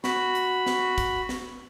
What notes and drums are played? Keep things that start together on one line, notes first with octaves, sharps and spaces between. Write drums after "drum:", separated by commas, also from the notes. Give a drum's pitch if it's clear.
F#4 B5, drum: snare
drum: hi-hat
drum: snare
drum: kick, hi-hat
drum: snare